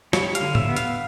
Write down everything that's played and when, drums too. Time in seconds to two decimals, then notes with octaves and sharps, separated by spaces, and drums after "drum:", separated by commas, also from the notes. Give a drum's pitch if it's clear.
0.13 G3 C#5, drum: snare
0.35 F5, drum: hi-hat
0.41 D3
0.55 E5, drum: tom
0.69 B3
0.77 F5, drum: hi-hat